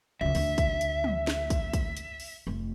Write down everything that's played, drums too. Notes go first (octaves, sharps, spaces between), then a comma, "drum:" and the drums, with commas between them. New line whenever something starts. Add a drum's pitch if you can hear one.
C#2 F3 E5
D2 D4, drum: open hi-hat
drum: kick, hi-hat
drum: hi-hat
drum: tom
drum: snare
drum: kick, hi-hat
drum: kick, hi-hat
drum: hi-hat
drum: open hi-hat
F1 A3